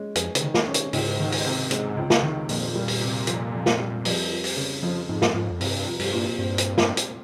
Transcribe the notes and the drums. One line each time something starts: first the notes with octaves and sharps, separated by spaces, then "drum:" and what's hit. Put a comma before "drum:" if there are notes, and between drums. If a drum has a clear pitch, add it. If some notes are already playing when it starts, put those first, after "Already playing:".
Already playing: G#3 C#4
F2 G#4, drum: hi-hat
C#3, drum: hi-hat
D#3
drum: snare
C#4
C3, drum: hi-hat
C#2 G#2, drum: open hi-hat
D#3
drum: open hi-hat
C3
G#3, drum: hi-hat
C#2
drum: snare
D#3
F2 A#2, drum: open hi-hat
G3
drum: open hi-hat
C3
F2, drum: hi-hat
F2
drum: snare
G3
F2, drum: open hi-hat
F3
drum: open hi-hat
C#3
F2 F3
F2 G#2
drum: snare
G#2 F3
F2
C2 G2, drum: open hi-hat
F3
G2, drum: open hi-hat
A#2
G2 C4
drum: hi-hat
drum: snare
drum: hi-hat